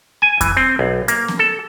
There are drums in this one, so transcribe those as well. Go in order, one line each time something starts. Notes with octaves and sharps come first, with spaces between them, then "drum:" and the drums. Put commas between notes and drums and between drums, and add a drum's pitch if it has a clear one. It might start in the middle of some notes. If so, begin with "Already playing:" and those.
G#5
E3, drum: kick F2, hi-hat
C4
B1
A#3, drum: hi-hat
drum: snare B3
A4